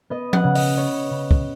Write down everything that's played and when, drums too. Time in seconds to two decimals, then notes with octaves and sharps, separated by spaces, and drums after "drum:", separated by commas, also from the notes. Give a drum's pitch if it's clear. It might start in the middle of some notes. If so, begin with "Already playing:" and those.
0.10 B3 D#5
0.33 F#5, drum: tom F3
0.44 C#3
0.55 D#5, drum: open hi-hat
0.77 B3 C#5
1.10 C#3
1.31 drum: kick